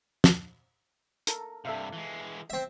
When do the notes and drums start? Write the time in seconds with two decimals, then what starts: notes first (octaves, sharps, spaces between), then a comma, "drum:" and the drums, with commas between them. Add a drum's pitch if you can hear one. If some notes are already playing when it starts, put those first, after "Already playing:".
0.24 drum: snare
1.27 A4 A#4, drum: hi-hat
1.65 G2 C3 A4 E5 F5
1.93 E3 G#3
2.50 C4 E5